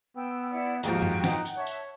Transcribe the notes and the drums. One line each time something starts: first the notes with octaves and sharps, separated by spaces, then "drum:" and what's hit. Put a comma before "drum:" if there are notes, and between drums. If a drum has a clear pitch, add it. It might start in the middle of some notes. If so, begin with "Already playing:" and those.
B3 G5 E6
E4 D5 F#5
D#2 G#2 F3 D#4 F4 F#4 G5, drum: tambourine
drum: tom F#2
D#4 F#5, drum: snare
drum: tambourine
C#5 E5 A5
drum: tambourine